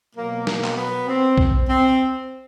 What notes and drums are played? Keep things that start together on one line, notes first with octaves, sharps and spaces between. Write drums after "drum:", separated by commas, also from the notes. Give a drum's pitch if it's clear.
B2 F#3 A#3
A#3, drum: snare
drum: clap
B3
C4
drum: kick B1
C4